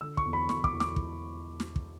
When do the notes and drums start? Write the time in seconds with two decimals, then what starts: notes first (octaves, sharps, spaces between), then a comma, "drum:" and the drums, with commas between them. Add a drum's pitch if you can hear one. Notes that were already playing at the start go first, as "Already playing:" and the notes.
0.01 D3 E6
0.17 C#6, drum: kick
0.26 E2
0.33 B5
0.49 E2 C#6, drum: snare
0.64 D6, drum: kick
0.73 E2
0.80 D6, drum: snare
0.96 drum: kick
1.60 drum: snare
1.76 drum: kick